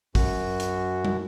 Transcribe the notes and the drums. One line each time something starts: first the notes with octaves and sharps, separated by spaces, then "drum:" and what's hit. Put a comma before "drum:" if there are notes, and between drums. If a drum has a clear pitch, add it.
F#2 F#4, drum: kick, open hi-hat
drum: hi-hat
drum: tom G3